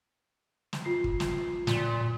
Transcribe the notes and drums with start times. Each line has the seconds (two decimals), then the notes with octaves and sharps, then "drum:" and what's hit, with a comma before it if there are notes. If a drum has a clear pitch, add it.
0.73 drum: snare
0.85 F4 C7
1.04 drum: kick
1.20 drum: snare
1.67 A#2, drum: snare